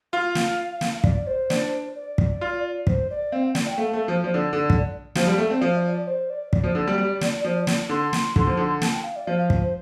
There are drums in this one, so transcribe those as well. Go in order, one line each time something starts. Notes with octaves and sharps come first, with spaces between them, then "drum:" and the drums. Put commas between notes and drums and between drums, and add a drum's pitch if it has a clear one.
F4 F5
drum: snare
drum: snare
D5, drum: kick
C5
D4, drum: snare
D5
drum: kick
F4
C5, drum: kick
D5
C4 F5
G5
D5, drum: snare
G5
A3 F5
A3
F3
F3 D5
D3
D3
drum: kick
F3 F5, drum: snare
G3
A3 G5
C4 D5
F3 F5
D5
D5
C5
D5
D5, drum: kick
F3
D3
G3
G3
drum: snare
F3
drum: snare
D3 C6
drum: snare
D3, drum: kick
F3
D3
A5, drum: snare
G5
F5
D5
F3 F5
F5
drum: kick
C5